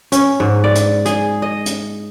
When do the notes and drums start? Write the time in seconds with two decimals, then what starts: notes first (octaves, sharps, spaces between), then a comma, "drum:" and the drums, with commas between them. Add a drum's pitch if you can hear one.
0.12 C#4, drum: hi-hat
0.40 G#2
0.64 D5
0.75 drum: hi-hat
1.05 G#4, drum: hi-hat
1.42 D#5
1.66 drum: hi-hat